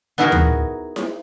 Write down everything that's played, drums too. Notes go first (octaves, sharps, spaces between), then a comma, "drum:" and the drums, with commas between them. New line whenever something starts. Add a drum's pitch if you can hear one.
B3 D#4 E4 F#4 G#4 A#4
drum: tom D2
drum: snare E4